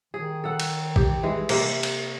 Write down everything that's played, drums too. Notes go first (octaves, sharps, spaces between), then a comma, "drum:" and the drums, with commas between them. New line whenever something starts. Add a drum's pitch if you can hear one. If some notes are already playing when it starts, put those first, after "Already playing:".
D#3 G#4
A4 F#5
drum: cymbal
G4, drum: kick A1
E3 G#3
C3 A#3, drum: cymbal
drum: cymbal